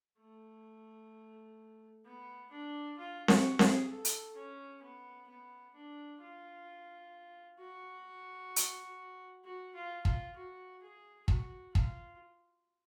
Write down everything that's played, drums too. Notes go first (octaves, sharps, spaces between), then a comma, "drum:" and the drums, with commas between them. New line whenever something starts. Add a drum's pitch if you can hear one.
A3
B3
D4
F4
F#4, drum: snare C4
G#4, drum: snare C4
A4
drum: hi-hat
C#4
B3
B3
D4
F4
F#4
drum: hi-hat
F#4
F4
F4, drum: kick
F#4
G#4
F#4, drum: kick
F4, drum: kick